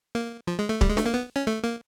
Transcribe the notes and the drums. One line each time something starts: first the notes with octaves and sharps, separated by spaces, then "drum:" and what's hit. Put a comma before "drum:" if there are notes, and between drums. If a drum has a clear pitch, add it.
A#3
F3
G#3
A3
G3, drum: kick
G#3
A3, drum: snare
A#3
B3
C#4
A3
A#3